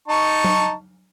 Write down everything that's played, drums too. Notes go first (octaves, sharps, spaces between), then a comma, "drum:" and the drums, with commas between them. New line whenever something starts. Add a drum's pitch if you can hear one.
D#4 A5 C#6
drum: tom F#3